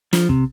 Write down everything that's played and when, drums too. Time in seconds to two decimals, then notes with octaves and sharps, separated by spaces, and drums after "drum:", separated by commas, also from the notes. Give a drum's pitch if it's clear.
0.13 F3, drum: snare
0.29 C3, drum: kick